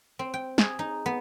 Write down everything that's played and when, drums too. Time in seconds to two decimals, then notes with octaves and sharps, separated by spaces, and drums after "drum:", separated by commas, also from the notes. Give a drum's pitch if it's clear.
0.19 C4
0.34 G5
0.58 G#4, drum: snare
0.79 D#4
1.06 B3